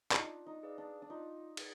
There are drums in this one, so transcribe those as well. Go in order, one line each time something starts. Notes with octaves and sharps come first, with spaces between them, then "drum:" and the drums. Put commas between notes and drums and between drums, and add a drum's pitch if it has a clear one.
D4 D#4 F4, drum: clap
D#4
G#4 B4 D5 F5
D4
D4
D#4 F4
G#4 B4, drum: cymbal